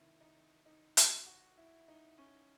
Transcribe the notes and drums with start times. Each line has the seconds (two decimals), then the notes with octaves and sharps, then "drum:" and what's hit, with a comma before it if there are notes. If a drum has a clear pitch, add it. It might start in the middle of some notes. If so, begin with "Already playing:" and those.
Already playing: C3 D#3 E4
0.21 D#4
0.66 D#4
0.97 drum: hi-hat
1.26 F#4
1.57 E4
1.88 D#4
2.18 C#4